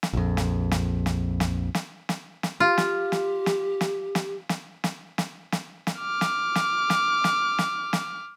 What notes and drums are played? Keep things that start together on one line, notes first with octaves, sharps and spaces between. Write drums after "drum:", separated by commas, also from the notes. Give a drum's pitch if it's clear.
drum: snare
A#1 F2
drum: snare
drum: snare
drum: snare
drum: snare
drum: snare
drum: snare
drum: snare
F4 G4
drum: snare
drum: snare
drum: snare
drum: snare
drum: snare
drum: snare
drum: snare
drum: snare
drum: snare
drum: snare
D6 F6
drum: snare
drum: snare
drum: snare
drum: snare
drum: snare
drum: snare